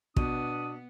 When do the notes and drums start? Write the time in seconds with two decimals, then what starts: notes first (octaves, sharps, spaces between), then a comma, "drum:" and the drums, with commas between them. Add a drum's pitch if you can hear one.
0.16 B2 B3 D4 D#6, drum: kick